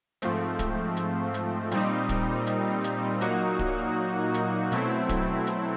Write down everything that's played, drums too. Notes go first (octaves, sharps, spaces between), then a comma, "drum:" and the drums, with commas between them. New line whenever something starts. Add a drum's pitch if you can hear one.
G#2 F3 A3 C4, drum: hi-hat
drum: kick D1, hi-hat
drum: hi-hat
drum: hi-hat
A#2 G3 C4 D#4, drum: hi-hat
drum: kick D1, hi-hat
drum: hi-hat
drum: hi-hat
A#2 F#3 A#3 D#4 F#4, drum: hi-hat
drum: kick D1
drum: hi-hat
B2 F#3 A3 C4 E4, drum: hi-hat
drum: kick D1, hi-hat
drum: hi-hat